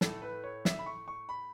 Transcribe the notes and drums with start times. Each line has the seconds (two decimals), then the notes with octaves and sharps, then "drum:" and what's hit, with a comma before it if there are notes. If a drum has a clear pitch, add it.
0.01 A2 A3 A4, drum: snare
0.22 B4
0.44 C#5
0.65 E5, drum: snare
0.79 B5
0.86 C#6
1.08 C#6
1.29 B5